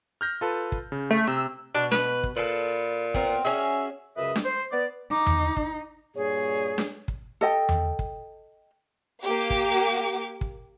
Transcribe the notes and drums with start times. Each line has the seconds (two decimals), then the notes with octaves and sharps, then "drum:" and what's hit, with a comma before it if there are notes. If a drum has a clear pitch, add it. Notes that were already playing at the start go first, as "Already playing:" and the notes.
0.21 F6 G6 A#6
0.41 F4 A4 B4
0.72 drum: kick
0.92 C#3
1.10 A3
1.28 C3 E6
1.75 B2 D4
1.91 B4, drum: snare D4
2.24 drum: kick
2.36 A#2 A4 B4
3.14 B3 C4 A#4, drum: kick
3.45 C#4 F#4 G#4 E5
4.17 C#2 F#2 C#3 B4 D#5 E5
4.36 drum: snare D4
4.45 C5
4.72 B3 D5
5.11 D#4 D6
5.26 drum: tom E2
5.57 drum: kick
6.15 G2 A#2 G#4 C#5
6.78 drum: snare D4
7.08 drum: kick
7.41 A4 D#5 G5
7.69 drum: tom E2
7.99 drum: kick
9.24 A#3 G4 D6
9.50 drum: kick
10.41 drum: kick